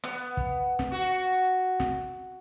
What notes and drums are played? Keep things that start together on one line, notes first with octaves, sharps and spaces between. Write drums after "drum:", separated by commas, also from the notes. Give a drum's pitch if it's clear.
B3, drum: rim click
drum: kick
drum: snare
F#4
drum: snare